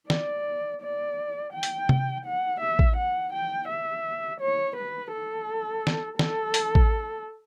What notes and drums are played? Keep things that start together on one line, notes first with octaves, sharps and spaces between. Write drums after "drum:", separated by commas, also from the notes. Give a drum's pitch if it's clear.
D5, drum: snare
D5
G5
drum: hi-hat
drum: tom C3
F#5
E5
drum: kick A1
F#5
G5
E5
C#5
B4
A4
drum: snare
A4, drum: snare
drum: hi-hat
drum: kick A1